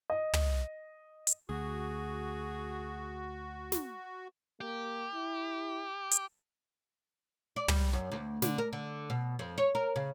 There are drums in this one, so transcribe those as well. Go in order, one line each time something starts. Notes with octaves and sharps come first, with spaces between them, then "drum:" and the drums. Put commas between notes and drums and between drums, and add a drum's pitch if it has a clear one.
D#5
drum: tom
drum: hi-hat
D2 F#4 G#4
drum: snare
A#3 G4
E4
drum: hi-hat
D5
G3, drum: tom
F#2
D2
D3, drum: snare
A#4
D3
B2
F2
C#5
A#4
C#3